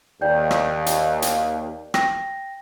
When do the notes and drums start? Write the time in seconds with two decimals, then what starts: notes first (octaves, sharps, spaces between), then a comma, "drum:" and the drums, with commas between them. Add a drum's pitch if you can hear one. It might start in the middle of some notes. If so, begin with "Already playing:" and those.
0.21 D#2 D5 G5 G6
0.51 drum: rim click
0.86 drum: hi-hat
1.22 drum: hi-hat
1.94 G5 A#6, drum: rim click